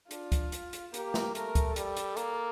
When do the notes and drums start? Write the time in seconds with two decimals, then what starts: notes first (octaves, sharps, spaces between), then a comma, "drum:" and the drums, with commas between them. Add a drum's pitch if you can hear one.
0.11 D4 F4, drum: hi-hat
0.32 drum: kick, hi-hat
0.52 drum: hi-hat
0.73 drum: hi-hat
0.94 A#3 G4, drum: hi-hat
1.14 drum: snare
1.35 A3 A#4, drum: hi-hat
1.55 drum: kick, hi-hat
1.76 G3 A4, drum: hi-hat
1.97 drum: hi-hat
2.17 A#3, drum: hi-hat